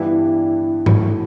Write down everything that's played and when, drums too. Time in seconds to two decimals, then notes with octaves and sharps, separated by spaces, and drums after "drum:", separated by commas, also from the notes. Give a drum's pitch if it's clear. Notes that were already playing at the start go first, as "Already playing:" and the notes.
Already playing: G2 E3 B3 D4 E4 G4
0.86 A2 E3 A3 F#4, drum: tom G#2